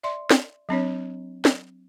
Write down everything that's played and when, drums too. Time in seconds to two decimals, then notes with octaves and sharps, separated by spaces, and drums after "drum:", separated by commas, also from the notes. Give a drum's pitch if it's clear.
0.03 D5 E5 C6
0.31 drum: snare
0.69 F#3 C4 D4 C#5
1.45 drum: snare